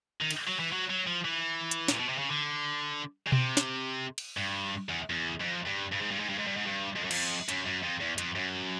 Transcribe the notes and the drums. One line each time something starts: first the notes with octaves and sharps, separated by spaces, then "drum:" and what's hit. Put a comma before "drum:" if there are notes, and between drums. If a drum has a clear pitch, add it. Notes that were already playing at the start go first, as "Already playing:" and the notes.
D#3
drum: cymbal
F#3
E3
F#3
F#3
F3
E3
drum: hi-hat
A#2, drum: snare
B2
C3
C#3
D3
C#3
C3, drum: tom B2
drum: snare
drum: cymbal
G2
E2
E2
F2
G2
G2
G#2
G2
G#2
G2
G#2
G2
G#2
G2
F2
F#2
F2, drum: cymbal
F#2, drum: hi-hat
F#2
F2
E2
F2, drum: hi-hat
F#2